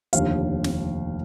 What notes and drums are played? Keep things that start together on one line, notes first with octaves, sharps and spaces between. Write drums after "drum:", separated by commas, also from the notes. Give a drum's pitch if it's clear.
F1 D#2 D3 F5, drum: hi-hat
drum: snare